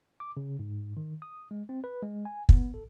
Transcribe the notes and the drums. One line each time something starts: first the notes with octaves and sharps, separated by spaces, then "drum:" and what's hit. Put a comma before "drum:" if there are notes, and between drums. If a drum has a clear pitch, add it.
D6
C#3
G#2
D#3
D#6
G#3
C4
B4
G#3
G#5
B3, drum: kick
A4